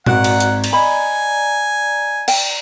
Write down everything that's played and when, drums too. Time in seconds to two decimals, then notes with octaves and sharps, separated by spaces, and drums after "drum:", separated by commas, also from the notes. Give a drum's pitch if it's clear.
0.06 G#1 F#4 D5 F#5 A#5, drum: tom A#2
0.24 drum: cymbal
0.40 drum: hi-hat
0.64 drum: cymbal
0.73 D#5 G#5 B5
2.28 G5, drum: cymbal